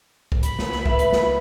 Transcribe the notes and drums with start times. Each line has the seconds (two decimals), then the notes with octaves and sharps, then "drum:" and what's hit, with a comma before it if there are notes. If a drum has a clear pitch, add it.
0.32 drum: kick
0.43 B5, drum: hi-hat
0.59 drum: snare
0.72 drum: snare
0.86 B4 E5, drum: kick
0.99 drum: hi-hat
1.12 drum: snare